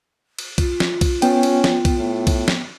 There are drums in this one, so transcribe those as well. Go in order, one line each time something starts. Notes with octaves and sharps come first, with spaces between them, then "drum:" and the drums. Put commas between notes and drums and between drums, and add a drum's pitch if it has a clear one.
drum: cymbal
F4, drum: kick B1, cymbal
drum: snare
drum: kick B1, cymbal
B3 C#4 G5, drum: cymbal
drum: cymbal
drum: snare
drum: kick B1, cymbal
A2
drum: kick B1, cymbal
drum: snare